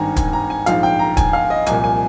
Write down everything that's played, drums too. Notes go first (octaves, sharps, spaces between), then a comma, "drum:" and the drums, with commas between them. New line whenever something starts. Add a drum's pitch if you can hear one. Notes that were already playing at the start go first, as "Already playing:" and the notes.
Already playing: G#1 G2 D#3 G#5 A#5
G#5, drum: kick, hi-hat
A#5
G#5
A#1 G#2 F3 F5, drum: hi-hat
G5
A#5
G#5, drum: kick, hi-hat
F5
D#5
C2 A#2 F3 G#5, drum: hi-hat
G#5